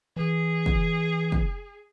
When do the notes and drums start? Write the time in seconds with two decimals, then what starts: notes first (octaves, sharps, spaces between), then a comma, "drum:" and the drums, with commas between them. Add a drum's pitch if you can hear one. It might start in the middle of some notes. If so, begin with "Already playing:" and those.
0.16 E3 G#4
0.66 drum: kick
1.32 drum: kick